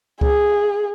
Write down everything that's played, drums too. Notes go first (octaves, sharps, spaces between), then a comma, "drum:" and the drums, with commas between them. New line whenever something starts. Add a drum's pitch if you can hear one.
G#4, drum: kick C#2